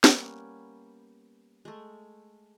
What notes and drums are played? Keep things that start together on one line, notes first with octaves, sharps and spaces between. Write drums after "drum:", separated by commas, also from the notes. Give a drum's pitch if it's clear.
G3 A#3 B3 C#4, drum: snare
G#3 A3